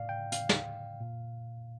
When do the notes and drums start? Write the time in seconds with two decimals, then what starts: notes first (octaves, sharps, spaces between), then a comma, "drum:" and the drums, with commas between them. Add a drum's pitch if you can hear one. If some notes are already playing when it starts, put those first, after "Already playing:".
Already playing: A2 D5 F5
0.09 G5
0.32 F5, drum: hi-hat
0.49 drum: snare
1.00 A#2